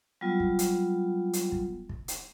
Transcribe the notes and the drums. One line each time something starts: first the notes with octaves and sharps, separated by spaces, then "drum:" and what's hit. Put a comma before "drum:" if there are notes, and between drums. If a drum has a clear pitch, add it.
F#3 G3 B3 F4
drum: kick
drum: hi-hat
drum: hi-hat
drum: kick
drum: kick
drum: hi-hat